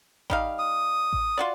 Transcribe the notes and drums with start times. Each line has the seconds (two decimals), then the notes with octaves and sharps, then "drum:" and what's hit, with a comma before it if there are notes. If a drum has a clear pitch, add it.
0.30 G3 D#4 F5, drum: kick A1
0.59 D#6
1.13 drum: kick A1
1.38 F4 F#4 D5